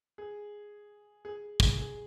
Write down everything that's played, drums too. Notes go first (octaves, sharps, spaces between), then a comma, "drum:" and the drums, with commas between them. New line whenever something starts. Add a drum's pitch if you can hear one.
G#4
G#4
G#4, drum: kick
G#4